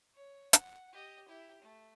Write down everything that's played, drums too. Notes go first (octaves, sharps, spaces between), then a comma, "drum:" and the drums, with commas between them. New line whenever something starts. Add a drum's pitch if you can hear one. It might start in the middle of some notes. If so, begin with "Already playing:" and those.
C#5
F#5, drum: hi-hat
G4 D#5
E4 G4
A3